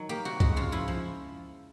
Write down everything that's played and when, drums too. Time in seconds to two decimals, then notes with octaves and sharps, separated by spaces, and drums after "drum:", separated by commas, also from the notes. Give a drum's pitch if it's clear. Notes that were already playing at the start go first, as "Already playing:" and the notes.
Already playing: D#3 F#3
0.09 A#3 G4
0.25 C3 F#4
0.40 G#3 F#4, drum: kick
0.56 C#3 F4
0.72 F3 E4
0.88 F3